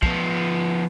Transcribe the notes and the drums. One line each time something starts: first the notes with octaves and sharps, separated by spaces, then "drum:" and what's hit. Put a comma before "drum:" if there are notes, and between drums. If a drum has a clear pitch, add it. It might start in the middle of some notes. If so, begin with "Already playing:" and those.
F3 B3, drum: kick